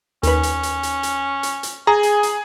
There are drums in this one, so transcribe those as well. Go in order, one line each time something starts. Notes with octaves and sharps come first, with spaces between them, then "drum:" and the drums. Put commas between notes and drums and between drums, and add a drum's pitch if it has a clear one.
D#2 C#4 B4, drum: hi-hat
drum: hi-hat
drum: hi-hat
drum: hi-hat
drum: hi-hat
drum: hi-hat
drum: hi-hat
G#4 G#5 A#5
drum: hi-hat
drum: hi-hat